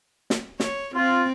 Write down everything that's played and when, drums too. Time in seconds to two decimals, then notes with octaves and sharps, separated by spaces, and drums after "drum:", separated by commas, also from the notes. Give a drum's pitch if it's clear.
0.30 drum: snare
0.60 C#5, drum: snare
0.95 C4 F4